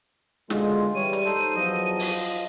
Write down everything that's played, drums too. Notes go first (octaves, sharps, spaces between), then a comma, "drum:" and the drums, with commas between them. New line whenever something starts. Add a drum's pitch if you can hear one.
B2 D3 G#3 F4, drum: snare
E3 G3 C#5 D#7
drum: hi-hat
D#4 A4 C5
E2 F3 F#3 D#5
drum: open hi-hat